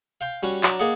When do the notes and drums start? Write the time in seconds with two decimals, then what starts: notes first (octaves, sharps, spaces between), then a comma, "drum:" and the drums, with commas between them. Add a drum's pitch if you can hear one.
0.21 F5 G5 C6
0.43 G3 C#4 F#4
0.63 F#3 D4 D5 A#5, drum: clap
0.79 A#3 G#4 D5 D#5 F#5